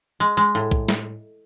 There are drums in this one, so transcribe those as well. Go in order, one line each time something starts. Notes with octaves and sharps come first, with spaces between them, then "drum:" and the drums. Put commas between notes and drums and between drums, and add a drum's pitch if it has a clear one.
G#3
G#3
A2
drum: kick
drum: snare